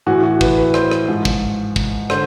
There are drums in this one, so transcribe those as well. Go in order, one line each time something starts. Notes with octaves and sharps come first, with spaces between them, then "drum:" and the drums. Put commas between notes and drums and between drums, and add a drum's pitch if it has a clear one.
A2 E3 F#4
F#4
B4, drum: kick
B4
C5, drum: rim click
drum: rim click
G#2 F3
drum: kick
drum: kick
D3 C5, drum: rim click